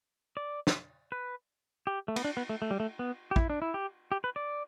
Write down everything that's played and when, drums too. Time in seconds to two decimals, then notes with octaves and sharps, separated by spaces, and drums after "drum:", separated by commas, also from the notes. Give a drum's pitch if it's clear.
0.37 D5
0.67 drum: snare
1.12 B4
1.87 G4
2.08 A3
2.16 B3, drum: cymbal
2.24 D4
2.37 B3
2.49 A3
2.62 A3
2.71 G3
2.80 A3
2.99 B3
3.31 G4
3.36 E4, drum: kick
3.50 D4
3.62 E4
3.74 G4
4.12 G4
4.24 B4
4.36 D5